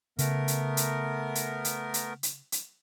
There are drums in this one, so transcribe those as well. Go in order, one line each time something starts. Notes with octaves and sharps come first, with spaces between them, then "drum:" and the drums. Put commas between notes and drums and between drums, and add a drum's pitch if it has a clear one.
C#3 A3 B3 A#4, drum: hi-hat
drum: hi-hat
drum: hi-hat
drum: hi-hat
drum: hi-hat
drum: hi-hat
drum: hi-hat
drum: hi-hat